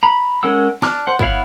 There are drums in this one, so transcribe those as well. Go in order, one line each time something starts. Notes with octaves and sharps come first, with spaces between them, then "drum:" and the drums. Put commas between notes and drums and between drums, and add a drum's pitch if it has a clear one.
A#5 B5
G#3 C#4 A#4 F#5 E6
D4 A5 D6 F6 F#6, drum: snare
C5 F#5
B3 E4 C#5 F5 F#5, drum: kick